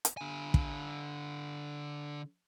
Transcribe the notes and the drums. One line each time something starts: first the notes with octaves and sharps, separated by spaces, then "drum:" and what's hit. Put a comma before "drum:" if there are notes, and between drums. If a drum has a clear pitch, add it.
drum: hi-hat
D3 G#5
drum: kick